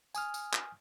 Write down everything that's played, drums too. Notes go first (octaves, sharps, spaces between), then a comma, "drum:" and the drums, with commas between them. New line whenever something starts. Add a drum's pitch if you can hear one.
G#5 D#6 F6, drum: tambourine
drum: tambourine
drum: clap